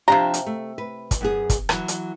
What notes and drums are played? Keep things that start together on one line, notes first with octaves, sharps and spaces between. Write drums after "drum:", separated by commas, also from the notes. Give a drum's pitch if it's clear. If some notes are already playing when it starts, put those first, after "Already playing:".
C3 F3 D4 G4 F5 A#5
drum: hi-hat
A3
B4
drum: kick, hi-hat
F#2 B3 G#4
drum: kick, hi-hat
E3 F#3, drum: rim click
drum: hi-hat